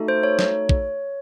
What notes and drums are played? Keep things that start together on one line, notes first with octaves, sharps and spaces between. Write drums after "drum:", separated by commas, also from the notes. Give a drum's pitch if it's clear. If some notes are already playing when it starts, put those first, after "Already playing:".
Already playing: A3 D#4 F#4 A4
C5
C#5
C#5, drum: snare
drum: kick